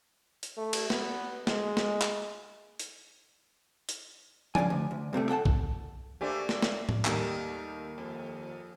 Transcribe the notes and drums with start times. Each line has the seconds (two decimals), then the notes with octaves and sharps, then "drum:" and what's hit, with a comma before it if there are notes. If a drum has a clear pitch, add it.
0.43 drum: hi-hat
0.57 A3
0.73 drum: cymbal
0.90 B3, drum: snare
1.47 G#3, drum: snare
1.77 drum: snare
2.02 drum: clap
2.79 drum: hi-hat
3.89 drum: hi-hat
4.55 G2 C#3 C4 D5 G#5, drum: tom F3
4.70 D2
4.91 D2
5.13 G2 C3 G3 A3
5.29 A4 F#5 G5 A5
5.45 drum: kick B1
6.21 A3 A#3 D4 G4 C5 G#5
6.49 drum: snare
6.63 drum: snare
6.89 drum: tom A2
7.05 D#2 D#3 G3 A3 D#4 A#4, drum: clap
7.98 F2